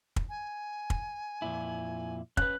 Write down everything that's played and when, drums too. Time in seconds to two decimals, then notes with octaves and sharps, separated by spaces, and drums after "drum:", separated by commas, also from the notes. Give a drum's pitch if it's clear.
0.16 drum: kick
0.29 G#5
0.90 drum: kick
1.42 F2 A#2 E4
2.37 C#4 B4 F#6, drum: kick